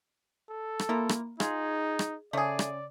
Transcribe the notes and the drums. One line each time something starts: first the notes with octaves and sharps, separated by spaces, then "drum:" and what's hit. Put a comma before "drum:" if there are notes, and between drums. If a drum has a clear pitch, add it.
A4
drum: rim click
A#3 E4 F4 A#4
drum: rim click
D#4 F4 G#4, drum: rim click
drum: rim click
C#3 A3 G#4 D5
drum: rim click